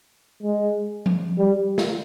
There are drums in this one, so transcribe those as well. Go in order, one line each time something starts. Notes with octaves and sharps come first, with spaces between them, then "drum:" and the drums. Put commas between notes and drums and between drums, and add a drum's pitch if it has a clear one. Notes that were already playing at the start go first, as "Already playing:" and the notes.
G#3
drum: tom F3
G3
drum: snare